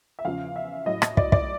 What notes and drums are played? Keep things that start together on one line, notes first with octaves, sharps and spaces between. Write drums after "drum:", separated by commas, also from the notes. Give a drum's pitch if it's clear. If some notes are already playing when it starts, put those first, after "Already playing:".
E5
E2 C#3 F3 F5
E5
A2 F#3 D#5
drum: rim click
D5, drum: kick
D5, drum: kick